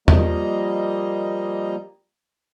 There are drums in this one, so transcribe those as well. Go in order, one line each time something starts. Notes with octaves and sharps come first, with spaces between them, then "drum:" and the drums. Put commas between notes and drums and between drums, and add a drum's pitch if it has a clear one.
F3 G3 A#3 D#5 A#5, drum: tom E2